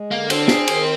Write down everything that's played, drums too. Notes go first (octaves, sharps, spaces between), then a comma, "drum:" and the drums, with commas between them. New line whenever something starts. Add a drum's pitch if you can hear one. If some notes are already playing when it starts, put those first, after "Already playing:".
Already playing: G#3
D3 A#3
C4 D4, drum: cymbal
G#4, drum: snare
D#3, drum: cymbal